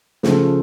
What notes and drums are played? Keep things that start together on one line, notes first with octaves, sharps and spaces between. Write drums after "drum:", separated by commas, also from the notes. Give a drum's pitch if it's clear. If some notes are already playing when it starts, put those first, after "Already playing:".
C#3 F3 A3, drum: snare